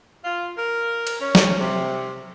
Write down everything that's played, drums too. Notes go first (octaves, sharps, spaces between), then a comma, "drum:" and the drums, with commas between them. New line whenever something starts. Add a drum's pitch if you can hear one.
F4
A#4
drum: cymbal
C#4
drum: snare
C3